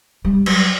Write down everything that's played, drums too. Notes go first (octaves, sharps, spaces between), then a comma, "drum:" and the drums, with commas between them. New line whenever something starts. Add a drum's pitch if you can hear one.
G3
F#3, drum: cymbal